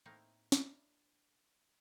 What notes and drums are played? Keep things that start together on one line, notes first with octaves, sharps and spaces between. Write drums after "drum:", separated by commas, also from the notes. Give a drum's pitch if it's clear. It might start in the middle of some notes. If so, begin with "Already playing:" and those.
A2 A3 A#3 C4 D#4 A#4
D4 E4 F4 A#4 C#5, drum: snare